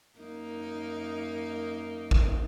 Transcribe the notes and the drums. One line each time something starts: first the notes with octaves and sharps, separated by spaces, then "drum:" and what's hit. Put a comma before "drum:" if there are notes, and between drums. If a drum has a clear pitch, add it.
F#2 A#3 D#4
drum: kick A1